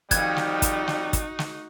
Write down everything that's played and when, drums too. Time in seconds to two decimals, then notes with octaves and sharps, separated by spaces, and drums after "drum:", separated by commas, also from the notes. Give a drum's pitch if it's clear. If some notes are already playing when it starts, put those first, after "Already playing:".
0.11 F2 D#3 G3 D#4 F#4 F#6 G#6, drum: kick, hi-hat
0.36 drum: snare
0.62 drum: kick, hi-hat
0.88 drum: snare
1.13 drum: kick, hi-hat
1.39 drum: snare